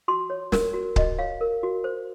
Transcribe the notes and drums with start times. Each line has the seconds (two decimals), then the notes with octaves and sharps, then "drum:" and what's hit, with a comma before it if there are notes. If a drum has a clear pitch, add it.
0.08 F#4 C6
0.30 C#5
0.52 A#4, drum: snare
0.74 F#4
0.96 F#4 D#5, drum: kick C#1
1.19 C#5 F5
1.41 A#4
1.63 F#4
1.84 C5